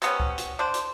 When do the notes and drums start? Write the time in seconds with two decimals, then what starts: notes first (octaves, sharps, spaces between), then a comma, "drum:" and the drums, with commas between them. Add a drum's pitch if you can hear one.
0.02 C3 B3 C#4, drum: hi-hat
0.20 drum: kick C#2
0.38 drum: hi-hat
0.59 D4 C5
0.74 drum: hi-hat